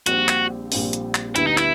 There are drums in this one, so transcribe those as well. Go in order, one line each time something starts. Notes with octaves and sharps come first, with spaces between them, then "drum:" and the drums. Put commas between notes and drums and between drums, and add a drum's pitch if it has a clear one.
A#1 A#2 G3 C4 F#4, drum: hi-hat
drum: clap
A#1 A#2 G3 C4, drum: open hi-hat
drum: hi-hat
drum: clap
D2 D3 G3 B3 E4, drum: hi-hat
D#4
E4, drum: clap